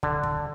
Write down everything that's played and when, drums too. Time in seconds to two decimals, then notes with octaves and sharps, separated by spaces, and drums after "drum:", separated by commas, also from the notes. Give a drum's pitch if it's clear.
0.03 D3, drum: kick
0.23 drum: kick